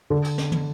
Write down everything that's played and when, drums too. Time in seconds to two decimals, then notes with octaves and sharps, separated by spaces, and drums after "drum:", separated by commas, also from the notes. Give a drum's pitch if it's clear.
0.10 D3
0.24 drum: cymbal
0.38 drum: snare
0.52 drum: tom